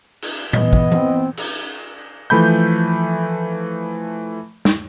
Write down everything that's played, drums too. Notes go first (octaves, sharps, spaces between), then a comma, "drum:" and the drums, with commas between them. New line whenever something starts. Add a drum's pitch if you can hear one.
drum: cymbal
E3 B3 D#5, drum: tom A#2
drum: kick
C4, drum: tom E3
drum: cymbal
E3 F3 A3 B5 G6
drum: snare